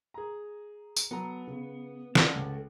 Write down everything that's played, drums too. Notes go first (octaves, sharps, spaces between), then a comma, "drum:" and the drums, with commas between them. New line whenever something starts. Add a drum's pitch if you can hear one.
G#4 A#5
drum: tambourine
F#3 B3 A4 A#5
C#3
C#4 A4 D5 F#5, drum: snare
C#2 C#4